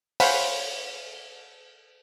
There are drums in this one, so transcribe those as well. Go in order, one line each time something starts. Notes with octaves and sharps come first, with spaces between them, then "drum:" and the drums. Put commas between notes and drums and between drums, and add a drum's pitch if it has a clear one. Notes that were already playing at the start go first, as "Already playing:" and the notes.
C5 C#5 F5 F#5 G#5 B5, drum: open hi-hat